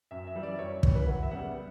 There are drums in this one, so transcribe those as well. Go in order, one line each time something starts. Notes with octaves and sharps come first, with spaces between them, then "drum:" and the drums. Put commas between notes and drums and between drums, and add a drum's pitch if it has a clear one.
F#2 E5
E5
E3 G3
D5
F#2 C#5
E3 G3 C#5, drum: kick
B4
F#2 F#5
E5
C#3 G3 B3 F#5